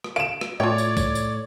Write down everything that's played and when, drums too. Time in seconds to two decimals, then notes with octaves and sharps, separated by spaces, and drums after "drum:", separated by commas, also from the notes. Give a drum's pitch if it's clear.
0.04 drum: rim click
0.16 F5 D7 E7
0.41 drum: rim click
0.60 A2 A3 F4 C#5 D5 G5
0.78 drum: tambourine
0.97 drum: kick, tambourine
1.15 drum: tambourine